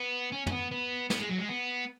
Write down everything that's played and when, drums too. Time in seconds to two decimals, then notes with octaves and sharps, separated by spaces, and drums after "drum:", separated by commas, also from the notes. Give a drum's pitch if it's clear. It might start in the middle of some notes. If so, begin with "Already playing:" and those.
Already playing: B3
0.32 C#4
0.47 C#4, drum: tom
0.52 B3
0.71 B3
1.10 B3, drum: snare
1.20 G#3
1.29 F#3
1.38 G#3
1.49 B3